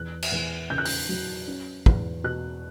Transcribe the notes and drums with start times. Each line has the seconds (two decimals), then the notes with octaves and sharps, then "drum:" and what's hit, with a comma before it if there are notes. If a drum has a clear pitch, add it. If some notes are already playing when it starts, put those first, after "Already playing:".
Already playing: E2 F#6
0.22 drum: cymbal
0.32 E2
0.70 C#3 G6
0.78 F#6
0.85 G6, drum: open hi-hat
1.09 F#3
1.47 C#4
1.86 E2, drum: kick
2.24 B2 F#6